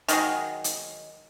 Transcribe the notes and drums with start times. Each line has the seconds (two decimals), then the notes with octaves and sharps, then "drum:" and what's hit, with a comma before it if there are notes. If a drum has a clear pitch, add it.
0.08 D#3 F#3 G#3, drum: hi-hat
0.64 drum: hi-hat